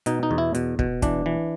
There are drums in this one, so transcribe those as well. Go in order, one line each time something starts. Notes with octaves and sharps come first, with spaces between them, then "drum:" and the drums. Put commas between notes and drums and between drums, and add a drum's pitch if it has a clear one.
B2 D#4, drum: hi-hat
D#4
E2
E4
B2, drum: hi-hat
B2, drum: kick
E3 D4, drum: kick, hi-hat
E3